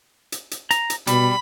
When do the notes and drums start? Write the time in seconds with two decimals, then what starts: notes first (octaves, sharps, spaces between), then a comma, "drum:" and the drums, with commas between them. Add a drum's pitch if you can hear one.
0.32 drum: hi-hat
0.51 drum: hi-hat
0.71 A#5, drum: hi-hat
0.90 drum: hi-hat
1.07 B2 G3 B5, drum: hi-hat